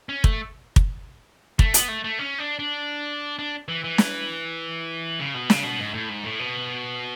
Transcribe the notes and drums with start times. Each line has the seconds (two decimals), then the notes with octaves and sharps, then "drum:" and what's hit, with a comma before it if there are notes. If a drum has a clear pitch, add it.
0.09 C#4
0.24 A3, drum: kick
0.76 drum: kick
1.59 A3, drum: kick
1.74 B3, drum: hi-hat
1.88 A3
2.04 A3
2.19 C#4
2.39 D4
2.59 D4
3.39 D4
3.68 E3
3.84 E3
3.98 drum: snare
5.20 C#3
5.34 B2
5.50 C#3, drum: snare
5.63 B2
5.79 G#2
5.94 A2
6.09 G#2
6.24 A2
6.39 B2